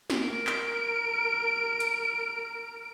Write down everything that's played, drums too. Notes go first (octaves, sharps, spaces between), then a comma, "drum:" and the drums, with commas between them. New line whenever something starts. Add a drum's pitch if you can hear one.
drum: snare
A#4 D7
drum: clap
drum: hi-hat